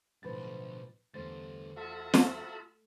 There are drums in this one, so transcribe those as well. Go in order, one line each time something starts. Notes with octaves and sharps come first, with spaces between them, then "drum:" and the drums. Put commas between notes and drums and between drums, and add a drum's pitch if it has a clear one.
B1 A2 D3 F3 B4 A6
E2 D3 G3 A3 C5 A6
F4 F#4 A4 E5
drum: snare